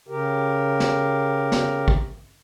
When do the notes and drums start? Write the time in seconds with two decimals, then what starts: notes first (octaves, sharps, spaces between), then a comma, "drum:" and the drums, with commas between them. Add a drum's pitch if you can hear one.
0.08 C#3 G4 A#4
0.80 drum: snare
1.52 drum: snare
1.88 drum: kick